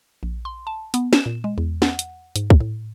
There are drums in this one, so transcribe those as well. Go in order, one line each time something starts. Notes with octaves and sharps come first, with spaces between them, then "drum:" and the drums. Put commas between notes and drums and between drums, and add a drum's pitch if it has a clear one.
A#1
C6
A5
B3, drum: hi-hat
E7, drum: snare
A#2
G#3
E2
F#5, drum: snare
drum: hi-hat
G#2, drum: hi-hat
drum: kick
A2